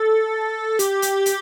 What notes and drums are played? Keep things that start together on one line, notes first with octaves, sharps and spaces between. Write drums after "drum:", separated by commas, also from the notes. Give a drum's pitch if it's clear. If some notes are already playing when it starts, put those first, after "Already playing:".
Already playing: A4
G4, drum: hi-hat
drum: hi-hat
drum: hi-hat